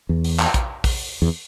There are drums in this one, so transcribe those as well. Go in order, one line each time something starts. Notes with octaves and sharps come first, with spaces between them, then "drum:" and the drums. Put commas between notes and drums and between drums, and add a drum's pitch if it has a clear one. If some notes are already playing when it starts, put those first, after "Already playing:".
E2
drum: open hi-hat
drum: clap
drum: kick A#1, hi-hat
drum: kick A#1, open hi-hat
E2